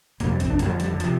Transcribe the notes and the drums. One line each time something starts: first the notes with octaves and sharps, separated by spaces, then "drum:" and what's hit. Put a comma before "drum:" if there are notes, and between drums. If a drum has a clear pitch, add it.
F2 C3 A#3, drum: hi-hat
G3
C4, drum: kick, hi-hat
D4
F2 D3 A#3, drum: hi-hat
F3
G3, drum: hi-hat
D3
C3 F3, drum: hi-hat